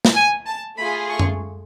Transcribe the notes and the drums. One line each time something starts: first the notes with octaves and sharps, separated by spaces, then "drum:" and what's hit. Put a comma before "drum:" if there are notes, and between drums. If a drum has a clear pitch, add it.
drum: snare
G#5
A5
A3 F4 G#4 B5
C#6
drum: tom F#2